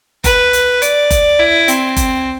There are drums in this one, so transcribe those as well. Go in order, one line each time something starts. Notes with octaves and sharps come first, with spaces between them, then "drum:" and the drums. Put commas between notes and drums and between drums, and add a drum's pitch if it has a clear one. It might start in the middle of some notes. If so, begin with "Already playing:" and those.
B4, drum: kick F#1, hi-hat
drum: hi-hat
D5, drum: hi-hat
drum: kick F#1, hi-hat
E4
C4, drum: hi-hat
drum: kick F#1, hi-hat